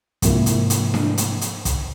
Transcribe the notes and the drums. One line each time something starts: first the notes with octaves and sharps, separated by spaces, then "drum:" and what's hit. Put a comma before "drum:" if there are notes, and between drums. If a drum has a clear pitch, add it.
G#2 C3 F3 A#3 E4, drum: kick, hi-hat
drum: hi-hat
drum: hi-hat
drum: snare D4
drum: hi-hat
drum: hi-hat
drum: kick, hi-hat